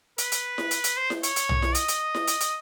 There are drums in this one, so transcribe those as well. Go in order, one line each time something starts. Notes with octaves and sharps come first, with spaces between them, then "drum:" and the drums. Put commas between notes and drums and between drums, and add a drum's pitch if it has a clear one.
B4, drum: hi-hat
drum: hi-hat
drum: snare E4
drum: hi-hat
drum: hi-hat
C5
drum: snare E4
C#5, drum: hi-hat
drum: hi-hat
drum: tom
drum: snare E4
D#5, drum: hi-hat
drum: hi-hat
drum: snare E4
drum: hi-hat
drum: hi-hat